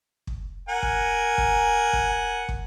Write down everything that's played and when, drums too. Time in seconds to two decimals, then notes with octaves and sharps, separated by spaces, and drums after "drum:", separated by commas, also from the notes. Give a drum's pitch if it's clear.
0.27 drum: kick
0.69 A#4 F#5 G#5
0.83 drum: kick
1.38 drum: kick
1.93 drum: kick
2.49 drum: kick